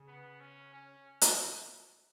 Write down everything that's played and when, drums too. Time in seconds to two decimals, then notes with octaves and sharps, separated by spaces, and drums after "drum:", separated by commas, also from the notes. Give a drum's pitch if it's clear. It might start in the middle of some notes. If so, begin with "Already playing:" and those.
Already playing: C#3
0.08 B3
0.41 C#4
0.74 C#4
1.21 drum: hi-hat